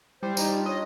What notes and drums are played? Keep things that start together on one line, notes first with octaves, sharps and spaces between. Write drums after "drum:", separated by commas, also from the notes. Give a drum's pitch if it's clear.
G3 E4 C5
E3 D#4 E4 A#5, drum: tambourine
D4 F4
C#5 D#5